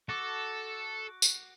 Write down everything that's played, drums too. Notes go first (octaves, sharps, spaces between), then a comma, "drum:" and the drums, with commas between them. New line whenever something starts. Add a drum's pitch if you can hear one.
F#4 A4 D6
drum: tambourine